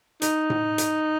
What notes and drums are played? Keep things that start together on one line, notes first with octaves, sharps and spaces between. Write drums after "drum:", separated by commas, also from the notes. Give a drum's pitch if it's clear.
D#4, drum: hi-hat
drum: tom A2
drum: hi-hat